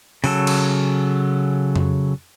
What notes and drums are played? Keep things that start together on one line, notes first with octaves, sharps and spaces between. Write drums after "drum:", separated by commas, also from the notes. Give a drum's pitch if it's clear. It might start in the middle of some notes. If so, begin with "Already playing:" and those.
C#3 F#3 A4, drum: open hi-hat
drum: cymbal
drum: tom F2